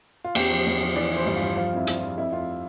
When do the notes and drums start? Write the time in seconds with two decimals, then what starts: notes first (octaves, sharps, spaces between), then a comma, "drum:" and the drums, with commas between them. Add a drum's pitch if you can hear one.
0.24 F4
0.35 E2 G4, drum: cymbal
0.50 F3
0.67 E2
0.81 F3
0.96 E3 D5
1.12 E3 C5
1.26 G2
1.36 F4
1.41 G2
1.56 F3 F4
1.72 F2 E4
1.87 F3, drum: hi-hat
1.98 F4
2.03 F3
2.17 F2 E4
2.32 F2 F4